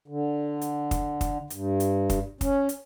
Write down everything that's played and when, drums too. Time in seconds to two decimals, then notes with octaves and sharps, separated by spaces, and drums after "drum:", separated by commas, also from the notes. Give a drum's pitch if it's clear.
0.08 D3
0.61 drum: hi-hat
0.91 drum: kick, hi-hat
1.21 drum: kick, hi-hat
1.50 G2, drum: hi-hat
1.80 drum: hi-hat
2.10 drum: kick, hi-hat
2.41 C#4, drum: kick, hi-hat
2.69 drum: hi-hat